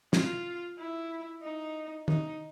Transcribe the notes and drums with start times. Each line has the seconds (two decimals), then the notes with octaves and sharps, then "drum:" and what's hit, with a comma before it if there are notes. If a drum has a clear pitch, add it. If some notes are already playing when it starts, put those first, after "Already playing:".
0.13 F4, drum: snare
0.78 E4
1.43 D#4
2.08 D#4, drum: tom D#3